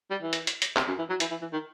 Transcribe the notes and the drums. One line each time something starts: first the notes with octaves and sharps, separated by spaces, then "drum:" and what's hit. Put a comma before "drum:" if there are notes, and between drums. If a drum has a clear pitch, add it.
G3
E3
drum: hi-hat
drum: hi-hat
drum: hi-hat
C3, drum: clap
F#2
E3
F#3
E3, drum: hi-hat
E3
E3
D#3